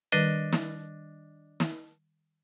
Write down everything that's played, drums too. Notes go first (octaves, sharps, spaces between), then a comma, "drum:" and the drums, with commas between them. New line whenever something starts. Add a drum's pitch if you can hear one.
D#3 G3 D4 B4 D#5
drum: snare
drum: snare